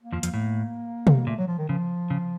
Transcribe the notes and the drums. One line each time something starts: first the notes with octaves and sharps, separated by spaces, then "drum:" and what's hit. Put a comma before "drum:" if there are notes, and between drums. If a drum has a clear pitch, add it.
A#3
F2 F3
F2 F3, drum: hi-hat
A2
drum: tom
A#2 A3
F#3
F3
D#3
C#3 F3
C#3